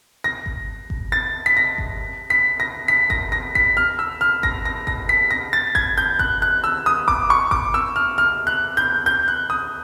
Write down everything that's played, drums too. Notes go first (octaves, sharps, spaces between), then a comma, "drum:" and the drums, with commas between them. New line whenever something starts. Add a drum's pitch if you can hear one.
A#6
drum: kick G#1
drum: kick G#1
A6
B6
A#6
drum: kick G#1
B6
A#6
B6
A#6, drum: kick G#1
A#6
B6, drum: kick G#1
F6
E6
F6
A#6, drum: kick G#1
A#6
A#6, drum: kick G#1
B6
A#6
A6
G#6, drum: kick G#1
G6
F#6, drum: kick G#1
F#6
E6
D#6
D6, drum: kick G#1
C#6
D6, drum: kick G#1
E6
F6
F6
F#6
G6
G6
F#6
D#6